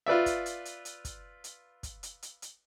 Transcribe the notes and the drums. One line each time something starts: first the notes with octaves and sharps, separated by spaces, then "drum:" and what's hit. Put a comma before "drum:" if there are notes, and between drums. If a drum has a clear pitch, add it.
F4 B4 D5 E5
drum: kick, hi-hat
drum: hi-hat
drum: hi-hat
drum: hi-hat
drum: kick, hi-hat
drum: hi-hat
drum: kick, hi-hat
drum: hi-hat
drum: hi-hat
drum: hi-hat